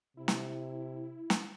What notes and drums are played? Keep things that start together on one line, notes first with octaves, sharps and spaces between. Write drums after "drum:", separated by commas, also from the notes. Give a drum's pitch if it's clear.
C3 E4
drum: snare
drum: snare